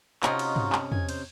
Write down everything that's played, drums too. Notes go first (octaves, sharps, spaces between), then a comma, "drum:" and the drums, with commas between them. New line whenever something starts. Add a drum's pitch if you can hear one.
C3 C#4 D#4 F4 F#4 D#5, drum: clap
drum: cymbal
drum: tom
drum: clap
G#5, drum: tom
C5, drum: cymbal